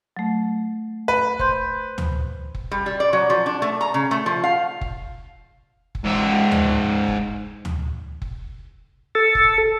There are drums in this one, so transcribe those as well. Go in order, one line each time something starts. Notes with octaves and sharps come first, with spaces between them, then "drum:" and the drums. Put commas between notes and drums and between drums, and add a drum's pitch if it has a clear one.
F#3 A3
B4
C5 C6 G6, drum: kick F#1
drum: tom
drum: kick F#1
G3
G3
D5
F#3
F3
D4
A3
A#5
C#3
A3
F3
F5
drum: kick F#1
drum: kick F#1
G#2 E5
drum: tom
drum: kick F#1
drum: tom
drum: kick F#1
A4
drum: kick F#1